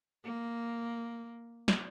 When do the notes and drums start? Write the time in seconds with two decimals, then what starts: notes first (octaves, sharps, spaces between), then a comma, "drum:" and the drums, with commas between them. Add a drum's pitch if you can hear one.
0.24 A#3
1.68 drum: snare